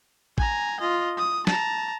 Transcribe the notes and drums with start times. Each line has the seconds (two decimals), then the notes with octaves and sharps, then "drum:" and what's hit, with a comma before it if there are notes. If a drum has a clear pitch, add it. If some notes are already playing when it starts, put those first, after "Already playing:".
0.38 G#5 A#5, drum: kick A1
0.80 F4 D#5
1.17 D#6
1.47 A5 A#5, drum: snare